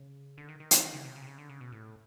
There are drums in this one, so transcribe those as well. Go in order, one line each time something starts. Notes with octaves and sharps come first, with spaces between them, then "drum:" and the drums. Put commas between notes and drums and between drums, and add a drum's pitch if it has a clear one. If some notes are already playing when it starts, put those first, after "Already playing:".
Already playing: C#3
D3
D#3
D#3
E3, drum: hi-hat
D#3
C#3
C3
C#3
C3
C#3
D3
C#3
B2
A2